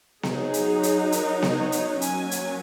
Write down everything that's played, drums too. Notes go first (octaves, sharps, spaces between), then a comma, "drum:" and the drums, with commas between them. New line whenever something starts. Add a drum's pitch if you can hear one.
F#3 D#4 G#4, drum: snare B3
drum: hi-hat
drum: hi-hat
A#4, drum: hi-hat
drum: snare B3
C#5
drum: hi-hat
F#3 A#3 C#4 G#5, drum: hi-hat
drum: hi-hat